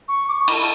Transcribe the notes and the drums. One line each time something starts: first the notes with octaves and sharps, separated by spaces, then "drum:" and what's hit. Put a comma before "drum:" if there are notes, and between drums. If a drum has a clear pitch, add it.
C#6
D6
C#6
B5, drum: cymbal
A5